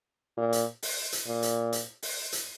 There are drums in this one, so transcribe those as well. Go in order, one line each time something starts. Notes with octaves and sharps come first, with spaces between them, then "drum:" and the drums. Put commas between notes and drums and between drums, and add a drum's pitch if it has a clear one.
A#2
drum: hi-hat
drum: open hi-hat
drum: hi-hat
A#2
drum: hi-hat
drum: hi-hat
drum: open hi-hat
drum: hi-hat